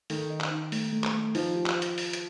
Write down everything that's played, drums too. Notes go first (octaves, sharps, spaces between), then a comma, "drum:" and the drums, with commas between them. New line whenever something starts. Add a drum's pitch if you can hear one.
D#3 A4, drum: open hi-hat
D#5
drum: clap
D#4
A3, drum: open hi-hat
A3
drum: clap
A3
F3 D#4, drum: open hi-hat
G4
drum: clap
drum: hi-hat
drum: open hi-hat
drum: hi-hat